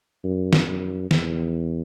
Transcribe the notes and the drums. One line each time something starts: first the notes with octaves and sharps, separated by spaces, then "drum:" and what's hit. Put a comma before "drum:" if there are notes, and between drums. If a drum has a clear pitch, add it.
F#2
drum: snare
F#2
E2, drum: snare